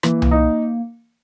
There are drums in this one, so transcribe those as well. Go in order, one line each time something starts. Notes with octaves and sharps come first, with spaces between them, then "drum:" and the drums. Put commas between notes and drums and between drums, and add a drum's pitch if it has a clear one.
E3 A#3, drum: rim click
drum: tom C2
D#4